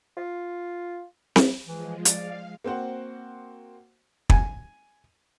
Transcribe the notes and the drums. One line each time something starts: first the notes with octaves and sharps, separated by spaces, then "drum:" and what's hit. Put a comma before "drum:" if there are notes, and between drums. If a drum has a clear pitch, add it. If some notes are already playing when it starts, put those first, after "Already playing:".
F4
drum: snare C4
E3 F3 G#3
D5 F5, drum: hi-hat
A#3 C4 F#4 C5 F#5
G#5, drum: kick